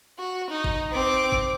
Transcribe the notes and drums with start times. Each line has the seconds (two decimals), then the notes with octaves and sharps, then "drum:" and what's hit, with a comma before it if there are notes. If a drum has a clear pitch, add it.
0.19 F#4
0.50 D#4
0.64 drum: kick G1
0.92 C4 D6
1.32 drum: kick G1